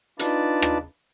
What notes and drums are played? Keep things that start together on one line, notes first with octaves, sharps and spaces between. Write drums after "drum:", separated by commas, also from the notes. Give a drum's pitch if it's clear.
D4 D#4 F4 B4 D5 A5, drum: hi-hat
drum: rim click